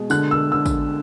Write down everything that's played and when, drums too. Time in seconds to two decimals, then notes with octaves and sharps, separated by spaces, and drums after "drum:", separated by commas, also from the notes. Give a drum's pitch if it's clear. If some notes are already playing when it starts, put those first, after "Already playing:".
Already playing: B2 G#3
0.10 D3 F#6, drum: tambourine
0.31 E6
0.52 D3 E6
0.66 drum: kick, tambourine